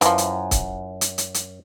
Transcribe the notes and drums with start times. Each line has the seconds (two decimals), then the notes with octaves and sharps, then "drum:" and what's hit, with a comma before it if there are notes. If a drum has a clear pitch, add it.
0.01 F#2 E3 F3, drum: hi-hat
0.18 drum: hi-hat
0.51 drum: kick, hi-hat
1.01 drum: hi-hat
1.18 drum: hi-hat
1.34 drum: hi-hat